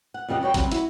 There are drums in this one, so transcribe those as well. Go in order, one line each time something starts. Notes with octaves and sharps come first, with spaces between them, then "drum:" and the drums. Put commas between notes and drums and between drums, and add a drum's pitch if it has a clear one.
F#5
F2 C#3 G4 D#5 F#5
G3 F#4 C#5 G5
C#3 F#3 G3 C4, drum: kick, hi-hat
E4 F#4, drum: hi-hat